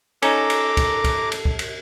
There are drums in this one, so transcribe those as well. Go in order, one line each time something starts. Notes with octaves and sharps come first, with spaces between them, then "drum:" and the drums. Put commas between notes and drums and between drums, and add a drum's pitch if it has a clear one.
C#4 D#4 A4 A#5 D6, drum: cymbal
drum: cymbal
drum: kick C#2, cymbal
drum: kick C#2, cymbal
drum: cymbal
drum: kick C#2
drum: cymbal